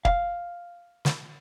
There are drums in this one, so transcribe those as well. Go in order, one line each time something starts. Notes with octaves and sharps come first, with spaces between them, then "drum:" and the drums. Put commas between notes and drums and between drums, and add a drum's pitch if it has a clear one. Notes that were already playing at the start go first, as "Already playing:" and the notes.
F5, drum: kick
drum: snare